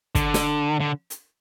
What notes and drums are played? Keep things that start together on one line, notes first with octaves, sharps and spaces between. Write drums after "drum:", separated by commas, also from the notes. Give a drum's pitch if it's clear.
D3, drum: kick, hi-hat
drum: snare
D3
drum: hi-hat